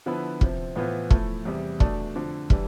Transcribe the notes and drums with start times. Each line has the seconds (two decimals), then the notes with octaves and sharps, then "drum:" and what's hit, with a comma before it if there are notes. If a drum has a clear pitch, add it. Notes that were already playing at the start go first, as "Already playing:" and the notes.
0.06 D3 F3 B3 E4 B4
0.41 C3 F3 C4, drum: kick
0.76 A2 E3 B3 F4 C5
1.10 F3 A3 E4, drum: kick
1.45 E2 C3 G3
1.80 B2 A3 D4, drum: kick
2.15 F2 D3 F3
2.50 E3 G3 D4, drum: kick